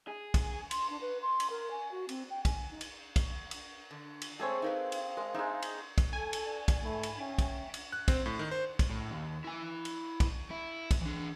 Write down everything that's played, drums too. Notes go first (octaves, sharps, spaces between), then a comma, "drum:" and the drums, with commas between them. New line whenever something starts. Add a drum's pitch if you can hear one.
G#4
drum: kick, cymbal
C6, drum: cymbal
D4
B4
C6
drum: cymbal
A#4
G#5
F#4
C4, drum: cymbal
G5
G#5, drum: kick, cymbal
D#4
drum: cymbal
drum: kick, cymbal
drum: cymbal
D3
drum: cymbal
G#3 A3 C4 G#4 A4 C#5
D#4 A#4 B4 F5
drum: cymbal
G#3 A#4
G#3 C4 D4 D#4 E5
drum: cymbal
drum: kick, cymbal
A4 G#5
drum: cymbal
D5
drum: kick, cymbal
G#2 A3 B5
drum: cymbal
C#4 E5 G5
drum: kick, cymbal
drum: cymbal
F#6
C4, drum: kick, cymbal
A2
D#3
C5
drum: kick, cymbal
A2
D#2
E4 G#5
drum: cymbal
drum: kick, cymbal
E4
drum: kick, cymbal
E3 D4